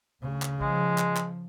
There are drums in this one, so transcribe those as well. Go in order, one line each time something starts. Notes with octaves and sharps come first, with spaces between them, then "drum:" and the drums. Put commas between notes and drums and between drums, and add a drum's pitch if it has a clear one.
D2 C#3
drum: clap
F3 G#3, drum: kick A#1
drum: clap
drum: clap